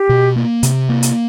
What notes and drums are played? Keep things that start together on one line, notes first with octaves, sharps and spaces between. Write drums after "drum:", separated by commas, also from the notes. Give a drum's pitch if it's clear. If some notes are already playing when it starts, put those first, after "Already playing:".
Already playing: G4
B2
A#3
C3, drum: hi-hat
A#3
drum: hi-hat